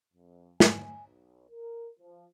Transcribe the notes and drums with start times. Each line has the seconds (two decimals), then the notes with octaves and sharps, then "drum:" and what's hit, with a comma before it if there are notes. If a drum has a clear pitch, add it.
0.14 F2
0.60 G#5, drum: snare
1.06 B1
1.50 A#4
2.00 F3